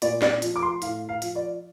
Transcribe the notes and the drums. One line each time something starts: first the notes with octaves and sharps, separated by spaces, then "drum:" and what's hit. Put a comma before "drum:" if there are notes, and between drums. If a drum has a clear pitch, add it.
A#2 D5, drum: hi-hat
D5, drum: snare
F3, drum: hi-hat
D6
C6
A2 F5, drum: hi-hat
F5
F3, drum: hi-hat
D5